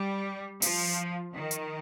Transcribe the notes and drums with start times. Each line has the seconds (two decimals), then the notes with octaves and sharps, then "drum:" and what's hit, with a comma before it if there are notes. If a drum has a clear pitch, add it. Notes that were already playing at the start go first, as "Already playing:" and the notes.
Already playing: G3
0.62 F3, drum: open hi-hat
1.34 D#3
1.51 drum: hi-hat